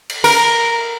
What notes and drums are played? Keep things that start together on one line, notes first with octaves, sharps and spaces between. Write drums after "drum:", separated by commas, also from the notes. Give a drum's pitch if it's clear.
drum: cymbal
A#4, drum: cymbal